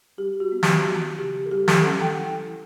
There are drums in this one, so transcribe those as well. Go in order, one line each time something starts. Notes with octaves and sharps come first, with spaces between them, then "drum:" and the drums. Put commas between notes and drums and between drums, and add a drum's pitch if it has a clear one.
G3 G4
F#4
B3
G4, drum: snare
E4 F#4
C#3 G4
A4
G3 G4
A4, drum: snare
C#4 F#5
G5
E4